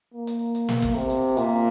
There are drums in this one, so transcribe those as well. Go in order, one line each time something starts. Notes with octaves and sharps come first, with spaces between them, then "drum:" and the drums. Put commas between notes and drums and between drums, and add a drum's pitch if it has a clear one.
A#3
drum: hi-hat
drum: hi-hat
drum: snare
drum: kick, hi-hat
C3
drum: hi-hat
A#2, drum: hi-hat